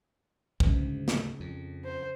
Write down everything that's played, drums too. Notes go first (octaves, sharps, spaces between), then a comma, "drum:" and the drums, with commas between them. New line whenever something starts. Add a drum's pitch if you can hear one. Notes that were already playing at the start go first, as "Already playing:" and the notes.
D2 G#2 C#3, drum: kick
drum: snare
F2
C5